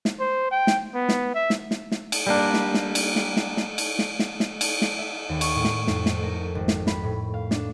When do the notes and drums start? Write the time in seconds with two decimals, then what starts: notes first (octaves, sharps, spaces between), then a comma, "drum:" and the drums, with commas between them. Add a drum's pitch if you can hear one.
0.05 drum: snare
0.19 C5
0.51 G5
0.67 drum: snare
0.94 B3
1.09 drum: snare
1.34 E5
1.50 drum: snare
1.71 drum: snare
1.92 drum: snare
2.12 drum: cymbal
2.27 G3 A#3 D4
2.54 drum: snare
2.74 drum: snare
2.95 drum: cymbal
3.16 drum: snare
3.37 drum: snare
3.57 drum: snare
3.78 drum: cymbal
3.99 drum: snare
4.19 drum: snare
4.40 drum: snare
4.61 drum: cymbal
4.82 drum: snare
4.98 E5
5.29 D#2
5.41 C#6, drum: cymbal
5.55 A2
5.64 drum: snare
5.87 F2, drum: snare
6.06 drum: snare
6.23 A#4
6.55 G#1
6.68 drum: snare
6.87 B5, drum: snare
7.04 A2
7.34 F5
7.51 D4, drum: snare